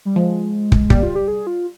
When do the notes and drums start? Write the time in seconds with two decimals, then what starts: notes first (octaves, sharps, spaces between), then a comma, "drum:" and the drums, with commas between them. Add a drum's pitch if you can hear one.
0.05 G3
0.16 F3 G#3
0.72 drum: kick
0.90 G3 A#3, drum: kick
1.03 F4
1.15 G4
1.28 G#4
1.47 F4